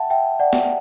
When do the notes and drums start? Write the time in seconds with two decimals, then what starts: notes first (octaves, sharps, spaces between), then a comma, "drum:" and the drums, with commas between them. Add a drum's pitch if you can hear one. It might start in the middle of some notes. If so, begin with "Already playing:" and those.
Already playing: E5 F#5 G5 A5
0.10 E5 G5
0.40 D5 F#5
0.53 drum: snare